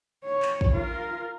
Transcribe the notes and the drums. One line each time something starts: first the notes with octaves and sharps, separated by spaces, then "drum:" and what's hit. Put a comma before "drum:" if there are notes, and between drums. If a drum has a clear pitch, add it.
C#5
drum: clap
drum: kick
F4 A#4